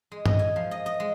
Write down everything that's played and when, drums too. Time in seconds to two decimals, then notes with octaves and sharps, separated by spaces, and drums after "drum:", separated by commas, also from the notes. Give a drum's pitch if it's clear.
0.12 G#3
0.26 D#5, drum: tom G2
0.39 G#5
0.56 F3
0.71 D#5
0.86 D#5
1.00 G#3